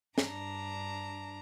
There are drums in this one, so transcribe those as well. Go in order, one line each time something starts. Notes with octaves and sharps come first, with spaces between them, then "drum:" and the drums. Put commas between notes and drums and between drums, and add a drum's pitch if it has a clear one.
G2 D4 A#5, drum: snare